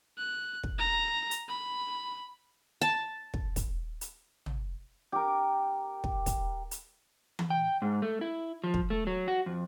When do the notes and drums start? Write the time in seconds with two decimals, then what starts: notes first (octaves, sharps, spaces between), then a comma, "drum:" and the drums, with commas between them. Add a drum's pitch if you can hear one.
0.18 F#6
0.63 drum: kick
0.79 A#5
1.31 drum: hi-hat
1.48 B5
2.81 A5
3.34 drum: kick
3.56 drum: kick, hi-hat
4.01 drum: hi-hat
4.46 drum: tom
5.12 G4 A#4
6.04 drum: kick
6.26 drum: kick, hi-hat
6.71 drum: hi-hat
7.39 drum: tom E3
7.50 G5
7.82 G#2
8.02 A3
8.21 E4
8.64 F3
8.74 drum: kick
8.90 A3
9.07 F#3
9.28 F#4
9.46 F2